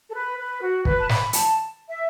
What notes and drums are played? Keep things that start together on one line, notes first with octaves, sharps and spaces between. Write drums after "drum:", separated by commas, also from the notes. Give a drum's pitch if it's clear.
A4
B4
B4
F#4
B4, drum: kick
A5
B5, drum: snare
A5, drum: hi-hat
E5